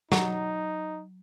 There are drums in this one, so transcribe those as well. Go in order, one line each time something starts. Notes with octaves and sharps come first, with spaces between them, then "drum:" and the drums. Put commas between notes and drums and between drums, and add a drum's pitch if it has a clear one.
F#3 D#4, drum: snare